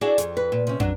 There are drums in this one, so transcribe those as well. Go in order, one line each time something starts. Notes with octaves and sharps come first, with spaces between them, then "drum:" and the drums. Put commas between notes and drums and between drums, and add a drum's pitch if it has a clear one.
D4 E4 F#4 G#4
F2, drum: hi-hat
B4
A#2
C3 C#4
F#3 D4, drum: tom